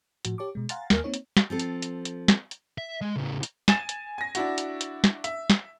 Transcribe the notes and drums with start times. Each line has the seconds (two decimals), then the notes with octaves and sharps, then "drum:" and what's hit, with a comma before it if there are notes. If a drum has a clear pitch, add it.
0.25 A2 F3 F#4, drum: hi-hat
0.38 G4 C#5 A5 C#6 D6
0.55 B2 G#3
0.69 F5 F#5 G#5 A#5 C6 A6, drum: hi-hat
0.90 D#2 A#3 A#4 G#5 F6, drum: snare
1.04 A#3 C4 D#4 C#5
1.14 drum: hi-hat
1.37 drum: snare
1.50 F3 C4 A4
1.59 drum: hi-hat
1.82 drum: hi-hat
2.05 drum: hi-hat
2.28 drum: snare
2.51 drum: hi-hat
2.78 E5
3.01 G#3
3.16 A2 C#3
3.43 drum: hi-hat
3.68 G#5 A6 E7, drum: snare
3.89 drum: hi-hat
4.18 G#5 A#6
4.35 D4 E4 F#4, drum: hi-hat
4.58 drum: hi-hat
4.81 drum: hi-hat
5.04 drum: snare
5.24 E5, drum: hi-hat
5.50 drum: snare